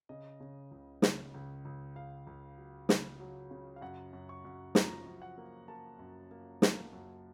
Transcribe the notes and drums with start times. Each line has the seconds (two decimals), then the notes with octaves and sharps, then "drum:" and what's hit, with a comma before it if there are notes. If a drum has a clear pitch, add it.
0.09 C#3 D#5
0.41 C#3
0.71 C#2
1.02 C#3, drum: snare
1.34 C#2
1.65 C#2
1.95 C#2 F5
2.27 C#2
2.58 F#3
2.89 C#3, drum: snare
3.20 F#3
3.51 C#3
3.76 F5
3.82 F#2 F#5
4.13 F#2
4.29 C#6
4.45 F#2
4.75 F3 A#5, drum: snare
5.06 F#2
5.22 F#5
5.38 A#3
5.68 A#3 A5
5.99 F#2
6.31 A#3
6.62 A#3, drum: snare
6.93 F#2